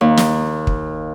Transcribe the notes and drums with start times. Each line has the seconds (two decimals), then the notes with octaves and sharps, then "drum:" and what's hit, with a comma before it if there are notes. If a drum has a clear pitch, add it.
0.01 D#2
0.17 drum: snare
0.67 drum: kick